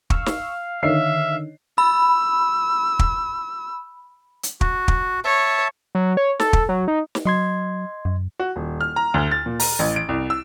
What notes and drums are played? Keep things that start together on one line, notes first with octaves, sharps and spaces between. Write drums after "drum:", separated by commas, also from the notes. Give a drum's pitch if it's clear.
F5 C#6 E6, drum: kick
drum: snare
D3 D#3 C#5 D#5 E5 C7
B5 E6
drum: kick
drum: hi-hat
F#4, drum: kick
drum: kick
C#5 E5 A5
F#3
C#5
A4, drum: snare
A4, drum: kick
F#3
D#4
drum: snare
F#3 D#5 C6 G#6
F#2
F#4
D#1
F6
A#5
D2
A6
A#2
A#5, drum: open hi-hat
A1
D7
C2
E6